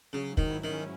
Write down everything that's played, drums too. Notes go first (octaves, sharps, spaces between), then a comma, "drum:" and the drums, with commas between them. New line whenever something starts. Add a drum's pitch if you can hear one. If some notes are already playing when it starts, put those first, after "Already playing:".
C#3 F#3
G#2
D#3, drum: kick
E4
D#3
C#4